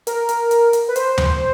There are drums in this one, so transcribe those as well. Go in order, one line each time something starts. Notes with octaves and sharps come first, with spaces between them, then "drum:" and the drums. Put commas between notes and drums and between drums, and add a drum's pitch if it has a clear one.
A#4, drum: hi-hat
drum: hi-hat
drum: hi-hat
drum: hi-hat
B4
C5, drum: hi-hat
drum: tom D#2